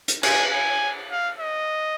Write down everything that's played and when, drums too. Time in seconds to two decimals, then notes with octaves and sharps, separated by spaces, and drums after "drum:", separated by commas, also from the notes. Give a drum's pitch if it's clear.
0.08 drum: hi-hat
0.23 G#5, drum: cymbal
0.51 G#5
1.11 F5
1.39 D#5